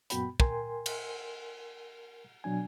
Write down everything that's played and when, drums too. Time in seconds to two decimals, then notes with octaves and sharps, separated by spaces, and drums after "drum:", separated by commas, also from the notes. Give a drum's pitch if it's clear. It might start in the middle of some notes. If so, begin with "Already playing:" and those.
0.10 F#2 A#2 B3 F#4 G5 B5, drum: hi-hat
0.40 A#4 G5 G#5 C6, drum: kick
0.86 drum: cymbal
2.44 B2 F#3 D4 G#5